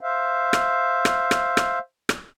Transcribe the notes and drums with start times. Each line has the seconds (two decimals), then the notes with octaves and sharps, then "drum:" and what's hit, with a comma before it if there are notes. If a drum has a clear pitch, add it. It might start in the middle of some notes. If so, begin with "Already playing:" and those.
0.01 C5 E5 F5
0.53 drum: rim click
1.05 drum: rim click
1.31 drum: rim click
1.57 drum: rim click
2.09 drum: rim click